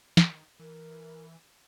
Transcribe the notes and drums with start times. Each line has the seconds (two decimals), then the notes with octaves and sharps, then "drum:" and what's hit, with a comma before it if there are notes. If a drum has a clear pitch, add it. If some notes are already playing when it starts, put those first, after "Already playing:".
0.17 D#3, drum: snare
0.59 E3 A#4